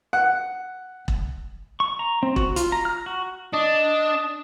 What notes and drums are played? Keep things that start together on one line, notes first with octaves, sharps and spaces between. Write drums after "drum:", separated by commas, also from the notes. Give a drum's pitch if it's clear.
F#5
drum: kick E1
C#6
A#5
C4
F#4, drum: kick E1
F4, drum: hi-hat
A#5
F6
F#4
D4 D#5